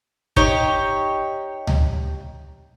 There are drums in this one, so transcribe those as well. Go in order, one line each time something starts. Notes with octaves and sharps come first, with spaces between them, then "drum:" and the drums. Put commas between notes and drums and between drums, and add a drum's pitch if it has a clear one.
D#4 G4 C#5, drum: kick
drum: tom C#2